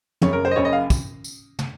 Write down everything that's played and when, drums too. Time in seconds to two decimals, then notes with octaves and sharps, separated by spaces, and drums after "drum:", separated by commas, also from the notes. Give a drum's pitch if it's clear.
0.21 F#1 F#2 C#3 C#5, drum: tom
0.33 A#4
0.45 C5
0.51 D#5
0.56 F#1 F#2 C#3 C#5
0.65 D#5
0.73 F5
0.90 drum: kick, tambourine
1.24 drum: tambourine
1.59 drum: tom